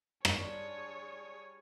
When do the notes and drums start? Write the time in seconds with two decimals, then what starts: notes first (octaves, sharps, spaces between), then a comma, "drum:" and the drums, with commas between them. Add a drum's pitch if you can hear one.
0.25 G2 G3 D4 F4 G#4 C#5, drum: rim click